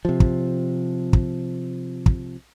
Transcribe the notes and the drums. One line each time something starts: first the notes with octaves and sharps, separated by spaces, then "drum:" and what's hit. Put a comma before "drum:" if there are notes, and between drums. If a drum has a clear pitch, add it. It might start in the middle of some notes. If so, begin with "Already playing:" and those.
C3 F3
drum: kick
drum: kick
drum: kick